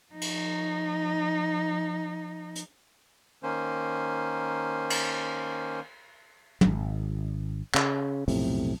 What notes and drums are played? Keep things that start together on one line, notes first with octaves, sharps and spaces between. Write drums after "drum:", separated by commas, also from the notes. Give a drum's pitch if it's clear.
F3 D#4
drum: cymbal
drum: hi-hat
D#3 A#3 C#4 C5
drum: cymbal
D#1 G#1, drum: tom
C#3, drum: clap
B1 F2 A2 C3, drum: open hi-hat